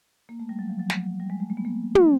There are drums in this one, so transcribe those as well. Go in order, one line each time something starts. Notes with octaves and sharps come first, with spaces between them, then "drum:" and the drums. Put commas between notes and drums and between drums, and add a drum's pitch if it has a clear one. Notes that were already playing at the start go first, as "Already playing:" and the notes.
A#3
A3
G3
F#3
F3
F#3
F#3, drum: snare
G3
G#3
A3
A#3
B3
A#3
drum: tom